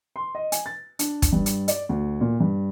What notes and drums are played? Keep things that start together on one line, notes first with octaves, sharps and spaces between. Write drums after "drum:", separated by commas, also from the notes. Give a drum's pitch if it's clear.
C6
D#5
G#5, drum: hi-hat
A6
D4, drum: hi-hat
drum: kick, hi-hat
G2
drum: hi-hat
D5, drum: hi-hat
D2
A#2
G2